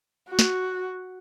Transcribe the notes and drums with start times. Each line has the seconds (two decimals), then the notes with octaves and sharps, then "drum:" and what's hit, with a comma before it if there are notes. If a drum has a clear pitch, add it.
0.29 F#4
0.39 drum: snare